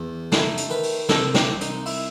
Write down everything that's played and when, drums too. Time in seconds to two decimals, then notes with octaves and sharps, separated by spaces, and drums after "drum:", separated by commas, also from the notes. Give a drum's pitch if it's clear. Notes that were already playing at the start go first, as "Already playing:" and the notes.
Already playing: E2
0.32 A3 D#4, drum: snare
0.57 drum: hi-hat
0.70 D#3 B4
0.83 drum: open hi-hat
1.09 C3 A4, drum: snare
1.34 G4, drum: snare
1.48 C2
1.61 D#4, drum: hi-hat
1.86 E4, drum: open hi-hat